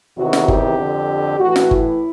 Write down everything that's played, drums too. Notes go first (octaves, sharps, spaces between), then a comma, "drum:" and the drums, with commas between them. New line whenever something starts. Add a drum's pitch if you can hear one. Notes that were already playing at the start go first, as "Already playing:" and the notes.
E2 C3 D#3 F#4
drum: snare
G4, drum: kick G1
F2 D3
A2 E3 F#4
drum: snare
E4, drum: kick G1